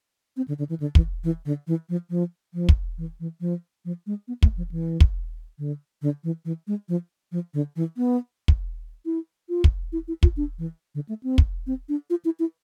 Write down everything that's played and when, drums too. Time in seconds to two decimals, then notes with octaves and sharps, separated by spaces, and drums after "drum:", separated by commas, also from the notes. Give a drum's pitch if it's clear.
0.37 C4
0.48 D3
0.59 D3
0.69 E3
0.80 D3
0.95 E3, drum: kick
1.24 E3
1.45 D3
1.67 E3
1.89 F3
2.10 F3
2.54 F3
2.69 drum: kick
2.98 E3
3.20 E3
3.41 F3
3.85 F3
4.07 G#3
4.28 B3
4.42 A3, drum: kick
4.57 F3
4.71 E3
5.00 drum: kick
5.59 D3
6.02 D3
6.24 E3
6.45 E3
6.67 G#3
6.89 F3
7.32 F3
7.54 D3
7.76 E3
7.97 B3
8.48 drum: kick
9.06 E4
9.49 F4
9.64 drum: kick
9.92 E4
10.08 E4
10.23 F4, drum: kick
10.37 D4
10.59 E3
10.95 D3
11.09 A3
11.23 C4
11.38 drum: kick
11.67 C4
11.89 D4
12.10 F4
12.25 E4
12.39 E4